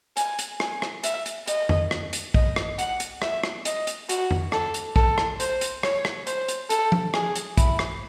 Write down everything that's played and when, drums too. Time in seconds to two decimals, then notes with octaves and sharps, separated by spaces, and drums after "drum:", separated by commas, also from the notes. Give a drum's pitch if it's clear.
0.17 G#5, drum: hi-hat
0.39 drum: hi-hat
0.60 G#5, drum: rim click
0.82 drum: rim click
1.04 E5, drum: hi-hat
1.26 drum: hi-hat
1.47 D#5, drum: hi-hat
1.69 drum: tom F2
1.91 drum: rim click
2.13 drum: hi-hat
2.34 D#5, drum: kick
2.56 drum: rim click
2.79 F#5, drum: hi-hat
3.00 drum: hi-hat
3.22 E5, drum: rim click
3.43 drum: rim click
3.65 D#5, drum: hi-hat
3.87 drum: hi-hat
4.09 F#4, drum: hi-hat
4.31 drum: tom F2
4.52 A4, drum: rim click
4.74 drum: hi-hat
4.96 A4, drum: kick
5.18 drum: rim click
5.40 C5, drum: hi-hat
5.61 drum: hi-hat
5.83 C#5, drum: rim click
6.05 drum: rim click
6.27 C5, drum: hi-hat
6.48 drum: hi-hat
6.70 A4, drum: hi-hat
6.92 drum: tom F3
7.14 G#4, drum: rim click
7.36 drum: hi-hat
7.57 E4, drum: kick, hi-hat
7.79 drum: rim click